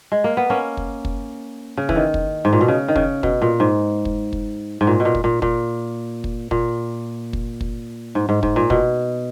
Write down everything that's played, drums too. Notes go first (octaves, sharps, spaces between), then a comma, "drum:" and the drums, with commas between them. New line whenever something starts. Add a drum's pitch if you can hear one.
G#3
A#3
B3
A#3 C#4
drum: kick
drum: kick
C#3
E3, drum: kick
D#3
drum: kick
G#2
A#2
B2
C#3
D#3
C#3, drum: kick
B2, drum: kick
A#2
G#2
drum: kick
drum: kick
G#2
A#2
B2
A#2
drum: kick
A#2
A#2, drum: kick
drum: kick
A#2, drum: kick
drum: kick
drum: kick
G#2
G#2
G#2, drum: kick
A#2
B2, drum: kick